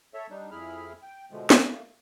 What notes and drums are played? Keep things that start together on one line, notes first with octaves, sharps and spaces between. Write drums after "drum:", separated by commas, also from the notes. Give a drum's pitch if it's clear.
A4 C#5 E5
G3 D4 D#4
F2 E4 G#4 B5 F6
G5
B2 D3 F3 G#3 A3
A3 A#3, drum: snare